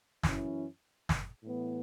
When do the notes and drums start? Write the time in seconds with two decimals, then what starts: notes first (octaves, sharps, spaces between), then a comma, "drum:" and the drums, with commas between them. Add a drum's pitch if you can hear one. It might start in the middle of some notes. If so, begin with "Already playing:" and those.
0.23 F#2 E3 C#4 E4, drum: snare
1.09 drum: snare
1.43 A2 E3 B3